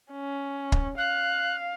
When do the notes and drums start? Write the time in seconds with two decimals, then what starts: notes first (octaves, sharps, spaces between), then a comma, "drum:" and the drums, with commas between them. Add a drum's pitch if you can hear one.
0.12 C#4
0.72 drum: kick
0.98 F5 F#6